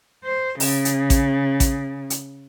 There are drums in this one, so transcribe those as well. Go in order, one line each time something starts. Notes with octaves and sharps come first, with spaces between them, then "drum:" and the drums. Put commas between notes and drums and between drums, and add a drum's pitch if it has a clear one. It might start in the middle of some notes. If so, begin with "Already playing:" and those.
C5
C#3, drum: open hi-hat
drum: hi-hat
drum: kick A1, hi-hat
drum: kick A1, hi-hat
drum: hi-hat